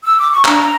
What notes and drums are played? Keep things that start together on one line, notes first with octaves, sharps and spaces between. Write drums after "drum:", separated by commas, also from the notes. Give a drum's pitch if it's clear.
E6
D6
C#6
D4 A#5, drum: clap